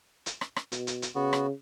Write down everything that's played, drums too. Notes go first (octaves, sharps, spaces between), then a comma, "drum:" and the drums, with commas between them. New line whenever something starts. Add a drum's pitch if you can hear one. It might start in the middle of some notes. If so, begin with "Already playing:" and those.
drum: hi-hat
drum: rim click
drum: rim click
B2, drum: hi-hat
drum: hi-hat
drum: hi-hat
C#3 B3 F#4
drum: rim click